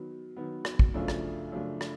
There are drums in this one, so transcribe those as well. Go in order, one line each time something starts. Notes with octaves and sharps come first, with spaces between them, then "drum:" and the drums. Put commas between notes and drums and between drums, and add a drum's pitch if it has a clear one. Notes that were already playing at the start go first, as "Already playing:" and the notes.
Already playing: D#3 F#3 B3
D#3 F#3 B3
drum: rim click
drum: kick
F#2 C#3 F3 A3 D4
drum: rim click
F#2 C#3 F3 A3 D4
drum: rim click